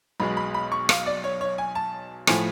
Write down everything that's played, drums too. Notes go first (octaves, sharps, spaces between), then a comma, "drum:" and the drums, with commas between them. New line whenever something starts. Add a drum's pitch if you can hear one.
B1 B2 G#3 B5
B5
B5
C#6
F5, drum: rim click
D5
C#5
C#5
G#5
A5
A2 F3 A3 G#5, drum: rim click